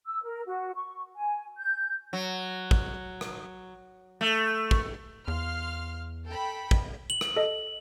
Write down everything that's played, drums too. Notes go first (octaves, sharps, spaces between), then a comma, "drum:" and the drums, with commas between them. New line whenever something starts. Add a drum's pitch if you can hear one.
E6
A#4
F#4
C#6
G#5
G6
F#3
drum: kick
drum: rim click
A3
drum: kick
E2 F5 C6 F6
A4 G5 B5
drum: kick
F#7
drum: rim click
A4 D#5